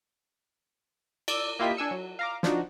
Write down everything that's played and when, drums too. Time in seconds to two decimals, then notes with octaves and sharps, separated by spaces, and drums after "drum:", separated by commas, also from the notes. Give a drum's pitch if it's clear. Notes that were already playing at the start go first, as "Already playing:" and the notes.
1.28 D5 D6 E6, drum: cymbal
1.59 A#3 E4 F4 G4 D#5 B6
1.77 D4 G#5 E6 C#7
1.91 F#3
2.19 F5 A#5 D6
2.43 F3 D4 D#4 F#4, drum: snare